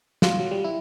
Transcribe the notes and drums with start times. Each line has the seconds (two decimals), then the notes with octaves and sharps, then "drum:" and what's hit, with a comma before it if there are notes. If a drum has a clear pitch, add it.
0.22 F4, drum: snare
0.40 F#3
0.51 G3
0.64 E4